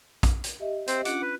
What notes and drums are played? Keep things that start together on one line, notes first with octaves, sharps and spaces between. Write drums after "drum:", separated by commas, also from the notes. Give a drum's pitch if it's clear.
drum: kick A#1, hi-hat
drum: hi-hat
G4 D#5 E5
C4 C5, drum: hi-hat
C#4 D4 F4 F#5 D6, drum: hi-hat
B4